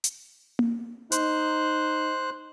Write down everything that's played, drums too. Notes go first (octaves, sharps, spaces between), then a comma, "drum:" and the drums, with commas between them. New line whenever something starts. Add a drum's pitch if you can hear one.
drum: hi-hat
drum: tom A#3
D#4 C5 F#6, drum: hi-hat